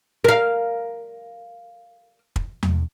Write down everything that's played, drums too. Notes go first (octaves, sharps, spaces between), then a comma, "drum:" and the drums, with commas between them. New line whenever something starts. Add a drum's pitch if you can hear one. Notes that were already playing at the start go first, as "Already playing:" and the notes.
A#4 F5
drum: kick
drum: tom E2